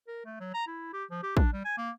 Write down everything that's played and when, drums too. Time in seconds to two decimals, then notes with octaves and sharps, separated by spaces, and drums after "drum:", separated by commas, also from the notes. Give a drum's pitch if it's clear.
0.08 A#4
0.25 A3
0.40 F#3
0.54 A#5
0.67 E4
0.93 G4
1.11 F3
1.23 G4
1.37 D4, drum: kick
1.53 G3
1.65 G#5
1.78 A#3